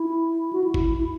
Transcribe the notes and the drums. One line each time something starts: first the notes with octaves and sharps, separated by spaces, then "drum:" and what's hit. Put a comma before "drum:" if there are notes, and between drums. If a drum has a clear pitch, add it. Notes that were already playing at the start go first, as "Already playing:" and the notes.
Already playing: E4
F#4
E4
drum: kick
E4